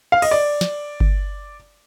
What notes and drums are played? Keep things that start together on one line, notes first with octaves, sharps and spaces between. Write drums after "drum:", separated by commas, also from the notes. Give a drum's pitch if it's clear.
F5
D#5, drum: cymbal
D5
drum: snare
drum: kick G1